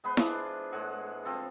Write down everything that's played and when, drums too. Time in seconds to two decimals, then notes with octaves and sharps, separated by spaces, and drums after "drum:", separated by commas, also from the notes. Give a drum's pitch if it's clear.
0.04 G#3 B3 B4 C5
0.17 E3 G#3 D4 F4, drum: snare E4
0.72 A2 G#3 F#5
1.25 F3 C4 A4